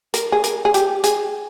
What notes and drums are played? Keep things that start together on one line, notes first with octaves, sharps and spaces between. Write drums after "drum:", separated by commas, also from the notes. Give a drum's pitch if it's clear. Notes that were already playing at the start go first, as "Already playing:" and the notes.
A#4, drum: hi-hat
G#4
A#4, drum: hi-hat
G#4
G4, drum: hi-hat
G#4, drum: hi-hat